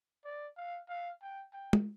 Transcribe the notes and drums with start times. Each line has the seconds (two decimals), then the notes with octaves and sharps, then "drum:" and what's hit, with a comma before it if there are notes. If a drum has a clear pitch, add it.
0.25 D5
0.57 F5
0.89 F5
1.22 G5
1.53 G5
1.73 drum: tom